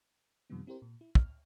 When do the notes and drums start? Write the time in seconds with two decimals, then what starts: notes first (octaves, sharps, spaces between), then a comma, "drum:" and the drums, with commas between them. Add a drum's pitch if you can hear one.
0.50 F#2 C3 D#3 F3 G3 B3
0.67 C4 E4 G4 A#4 C5
0.82 A#2
1.01 E4
1.15 F6, drum: kick